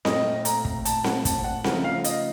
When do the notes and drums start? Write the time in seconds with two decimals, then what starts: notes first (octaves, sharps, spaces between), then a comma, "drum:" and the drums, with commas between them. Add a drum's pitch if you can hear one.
0.05 A#2 A3 C4 F4 D#5, drum: snare C4
0.45 A#5, drum: hi-hat
0.65 drum: kick
0.85 A5, drum: hi-hat
1.04 F#5, drum: snare C4
1.25 A5, drum: kick, hi-hat
1.44 F#5
1.64 C#3 F3 A3 D#4 F#5, drum: snare C4
1.84 F5
2.04 D#5, drum: hi-hat